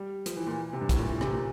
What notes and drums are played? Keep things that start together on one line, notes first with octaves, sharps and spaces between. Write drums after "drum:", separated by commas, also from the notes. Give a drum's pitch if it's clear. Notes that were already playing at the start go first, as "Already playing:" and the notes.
Already playing: G3
F3, drum: hi-hat
E3
A#2
C3
G2
A2, drum: kick, hi-hat
A#2
E3
C3, drum: rim click
A#2